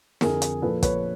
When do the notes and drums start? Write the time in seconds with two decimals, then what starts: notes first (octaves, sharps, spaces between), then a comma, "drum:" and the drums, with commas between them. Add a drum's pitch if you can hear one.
0.21 F2 D3 F3 G#4 A#4, drum: snare
0.42 drum: hi-hat
0.62 A#2 F3 A4 B4
0.83 B4 C#5, drum: kick, hi-hat